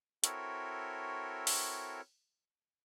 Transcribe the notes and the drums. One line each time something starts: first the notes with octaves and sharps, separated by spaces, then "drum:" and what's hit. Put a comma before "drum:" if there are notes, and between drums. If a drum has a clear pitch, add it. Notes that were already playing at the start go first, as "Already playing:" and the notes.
C4 E4 F#4 A4 A#4 C#5, drum: hi-hat
drum: open hi-hat